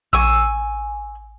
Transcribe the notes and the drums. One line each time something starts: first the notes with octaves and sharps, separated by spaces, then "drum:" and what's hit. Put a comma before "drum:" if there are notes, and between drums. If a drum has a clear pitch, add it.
G#5 C#6 E6, drum: kick A#1